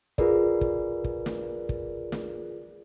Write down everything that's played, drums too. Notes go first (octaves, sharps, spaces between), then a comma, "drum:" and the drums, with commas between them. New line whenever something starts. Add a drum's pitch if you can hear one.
F4 G#4 A#4 B4 D5, drum: kick
drum: kick
drum: kick
drum: snare
drum: kick
drum: snare